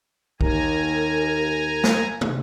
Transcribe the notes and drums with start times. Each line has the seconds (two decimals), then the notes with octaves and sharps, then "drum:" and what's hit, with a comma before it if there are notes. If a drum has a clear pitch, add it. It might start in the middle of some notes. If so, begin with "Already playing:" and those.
0.41 D#2 A#4 G#5 A#5, drum: kick B1
1.84 drum: snare
2.21 drum: tom